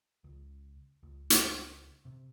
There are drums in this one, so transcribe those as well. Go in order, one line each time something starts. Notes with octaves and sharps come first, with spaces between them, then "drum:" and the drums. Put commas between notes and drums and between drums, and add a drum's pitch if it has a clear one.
C#2
C#2
drum: hi-hat
C3